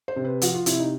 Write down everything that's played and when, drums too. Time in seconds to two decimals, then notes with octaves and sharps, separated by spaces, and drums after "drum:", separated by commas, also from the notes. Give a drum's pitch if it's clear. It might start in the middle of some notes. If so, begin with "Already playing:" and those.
0.08 C5
0.16 C3
0.25 B4
0.41 F3 F#4, drum: hi-hat
0.55 F4
0.66 C3 E4, drum: hi-hat
0.79 D#4